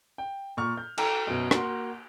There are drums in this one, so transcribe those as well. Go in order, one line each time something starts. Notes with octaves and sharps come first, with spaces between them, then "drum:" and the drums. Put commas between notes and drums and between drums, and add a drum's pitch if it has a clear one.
G5
A#2 C#6 F6
G6
A4 G5 A#5, drum: cymbal
F#2 B2
A#3 F#4 C6, drum: rim click